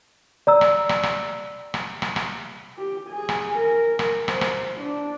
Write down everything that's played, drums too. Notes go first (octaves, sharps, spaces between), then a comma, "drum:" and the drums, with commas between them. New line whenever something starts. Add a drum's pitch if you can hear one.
D5 A#5 E6
drum: rim click
drum: rim click
drum: rim click
drum: rim click
drum: rim click
drum: rim click
G4
G#4
drum: rim click
A#4
drum: rim click
C5, drum: rim click
drum: rim click
D4